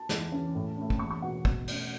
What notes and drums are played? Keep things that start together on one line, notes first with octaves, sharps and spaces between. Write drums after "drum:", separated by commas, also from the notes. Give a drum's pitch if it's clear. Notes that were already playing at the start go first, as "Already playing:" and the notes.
Already playing: A5
E2, drum: snare
C#3 E3 C#4
A2
A3 C#4
drum: kick
E2 C#6
C#6
B2 F#3 B3 F#5
B2, drum: kick
A3 C#4, drum: cymbal